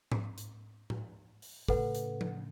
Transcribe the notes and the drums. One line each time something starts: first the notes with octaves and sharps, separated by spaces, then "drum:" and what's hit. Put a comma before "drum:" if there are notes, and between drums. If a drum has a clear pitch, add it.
drum: tom G#2
drum: hi-hat
drum: tom A2
drum: open hi-hat
A2 C#3 A4 B4 F#5, drum: kick
drum: hi-hat
drum: tom F3